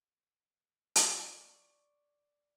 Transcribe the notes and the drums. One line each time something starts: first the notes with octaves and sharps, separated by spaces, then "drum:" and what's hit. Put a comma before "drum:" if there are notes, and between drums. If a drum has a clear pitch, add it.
D5 C#6, drum: hi-hat